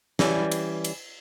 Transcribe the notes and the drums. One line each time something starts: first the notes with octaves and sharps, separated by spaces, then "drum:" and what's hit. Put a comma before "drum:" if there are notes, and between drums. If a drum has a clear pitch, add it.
E3 G3 C#4, drum: snare
drum: cymbal
drum: cymbal